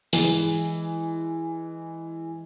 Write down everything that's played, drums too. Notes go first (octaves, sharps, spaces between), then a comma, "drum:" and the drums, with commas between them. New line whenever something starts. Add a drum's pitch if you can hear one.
E3 G#3, drum: open hi-hat